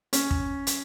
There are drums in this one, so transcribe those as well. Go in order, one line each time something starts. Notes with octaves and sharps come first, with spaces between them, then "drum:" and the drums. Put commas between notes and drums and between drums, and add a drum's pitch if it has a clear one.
C#4, drum: hi-hat
drum: kick
drum: hi-hat